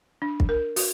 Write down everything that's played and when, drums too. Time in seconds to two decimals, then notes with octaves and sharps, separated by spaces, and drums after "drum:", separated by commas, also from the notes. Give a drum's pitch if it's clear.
0.22 D4
0.40 drum: kick
0.49 A#4
0.76 F#4, drum: open hi-hat